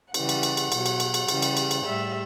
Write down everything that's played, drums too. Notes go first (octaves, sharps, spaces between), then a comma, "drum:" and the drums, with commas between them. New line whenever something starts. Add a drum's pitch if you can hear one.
C#3 E3 G3 F#5, drum: cymbal
drum: cymbal
drum: cymbal
drum: cymbal
B2 F#3, drum: cymbal
drum: cymbal
drum: cymbal
drum: cymbal
C#3 E3 G3, drum: cymbal
drum: cymbal
drum: cymbal
drum: cymbal
A2 G3 E5